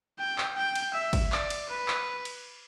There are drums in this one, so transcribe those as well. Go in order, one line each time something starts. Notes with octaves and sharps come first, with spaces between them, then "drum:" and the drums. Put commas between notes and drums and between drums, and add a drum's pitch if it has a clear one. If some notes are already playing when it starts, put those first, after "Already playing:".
G5
drum: clap
G5
drum: cymbal
E5
drum: kick, cymbal
D5, drum: clap
drum: cymbal
B4
drum: clap
drum: cymbal